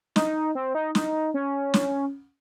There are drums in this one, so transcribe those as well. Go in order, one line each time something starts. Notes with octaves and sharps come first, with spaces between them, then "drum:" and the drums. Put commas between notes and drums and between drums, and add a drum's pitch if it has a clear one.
D#4, drum: snare
C4
D#4
D#4, drum: snare
C#4
drum: snare